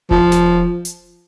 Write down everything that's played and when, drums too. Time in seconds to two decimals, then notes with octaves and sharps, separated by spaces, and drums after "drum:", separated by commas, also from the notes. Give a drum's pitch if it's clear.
0.11 F3, drum: kick E1
0.32 drum: snare
0.85 drum: hi-hat